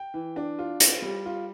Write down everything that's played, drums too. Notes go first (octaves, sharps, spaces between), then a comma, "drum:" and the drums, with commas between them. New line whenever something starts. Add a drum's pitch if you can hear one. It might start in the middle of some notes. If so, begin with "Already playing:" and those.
Already playing: G5
E3
D4
F4
F4, drum: hi-hat
G3
F4